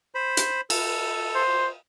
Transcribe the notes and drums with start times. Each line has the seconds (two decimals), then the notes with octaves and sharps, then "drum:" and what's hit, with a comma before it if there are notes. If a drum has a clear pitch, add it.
0.15 C5 B5
0.37 drum: hi-hat
0.70 A4, drum: cymbal
1.35 C5